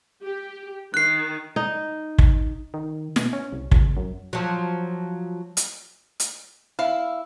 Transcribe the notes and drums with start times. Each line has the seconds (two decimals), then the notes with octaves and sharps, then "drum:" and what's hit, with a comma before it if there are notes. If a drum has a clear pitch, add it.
0.22 G4
0.94 D#3 F#6 C7
1.56 D#4
2.18 drum: kick
2.74 D#3
3.16 B2, drum: snare
3.33 C#4
3.52 C2
3.71 C#2, drum: kick
3.97 F#2
4.33 F3 F#3
5.57 drum: hi-hat
6.20 drum: hi-hat
6.79 E4 F5